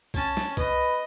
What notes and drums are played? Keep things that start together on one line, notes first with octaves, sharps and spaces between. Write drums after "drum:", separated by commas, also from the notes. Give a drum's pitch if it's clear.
C#4 A5, drum: kick C2, tambourine
drum: snare
B4 D#5, drum: kick C2, tambourine